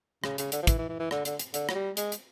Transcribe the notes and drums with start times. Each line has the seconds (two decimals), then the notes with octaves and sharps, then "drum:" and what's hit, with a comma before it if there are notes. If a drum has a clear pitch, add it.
0.24 C#3, drum: rim click
0.38 C#3, drum: hi-hat
0.52 D3, drum: hi-hat
0.63 F3
0.67 E3, drum: kick, hi-hat
0.78 E3
0.89 E3
0.99 E3
1.11 D3, drum: rim click
1.25 D3, drum: hi-hat
1.39 drum: hi-hat
1.54 D3, drum: hi-hat
1.69 F#3, drum: rim click
1.75 G3
1.97 G#3, drum: hi-hat
2.12 drum: hi-hat